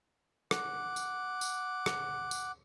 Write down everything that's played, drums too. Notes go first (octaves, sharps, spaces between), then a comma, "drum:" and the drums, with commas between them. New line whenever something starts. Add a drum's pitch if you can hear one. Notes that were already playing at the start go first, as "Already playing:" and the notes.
F#5 D6, drum: rim click
drum: tambourine
drum: tambourine
drum: rim click
drum: tambourine